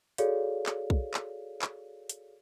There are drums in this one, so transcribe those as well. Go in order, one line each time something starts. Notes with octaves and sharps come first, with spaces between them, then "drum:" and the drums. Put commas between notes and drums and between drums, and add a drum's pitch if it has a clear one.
F#4 G#4 A4 C#5 D5 F5, drum: hi-hat
drum: clap
drum: kick B1
drum: clap
drum: clap
drum: hi-hat